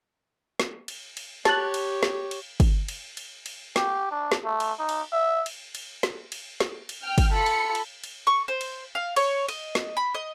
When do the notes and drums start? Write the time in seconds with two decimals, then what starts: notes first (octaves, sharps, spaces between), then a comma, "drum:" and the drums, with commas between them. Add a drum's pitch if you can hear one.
0.60 drum: snare
0.88 drum: cymbal
1.17 drum: cymbal
1.45 G4 C#5 A5 F#6, drum: snare
1.74 drum: cymbal
2.03 drum: snare
2.31 drum: cymbal
2.60 drum: kick, cymbal
2.88 drum: cymbal
3.17 drum: cymbal
3.46 drum: cymbal
3.76 G4, drum: snare
4.11 D4
4.32 drum: snare
4.45 A3
4.60 drum: cymbal
4.79 D#4
4.89 drum: cymbal
5.13 E5
5.46 drum: cymbal
5.75 drum: cymbal
6.03 drum: snare
6.32 drum: cymbal
6.60 drum: snare
6.89 drum: cymbal
7.03 G5 F6
7.18 drum: kick, cymbal
7.33 F4 A4 B5 C#7
7.46 drum: cymbal
7.75 drum: cymbal
8.04 drum: cymbal
8.27 C#6
8.48 C5
8.61 drum: cymbal
8.95 F5
9.16 C#5, drum: cymbal
9.49 D#5, drum: cymbal
9.75 drum: snare
9.97 B5
10.15 D#5